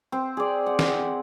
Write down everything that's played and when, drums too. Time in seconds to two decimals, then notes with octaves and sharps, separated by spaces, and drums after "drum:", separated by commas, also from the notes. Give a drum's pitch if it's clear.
0.12 C4
0.37 G#4 D5
0.66 F#5
0.79 drum: snare